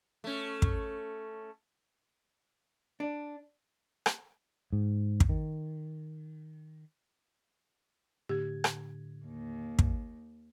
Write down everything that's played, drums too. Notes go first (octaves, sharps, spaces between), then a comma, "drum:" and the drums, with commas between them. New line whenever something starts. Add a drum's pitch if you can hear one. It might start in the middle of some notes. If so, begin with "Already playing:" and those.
A3 C#4
drum: kick
D4
drum: rim click
G#2
drum: kick
D#3
A2 D3 G4 G#6
drum: rim click
D#2
drum: kick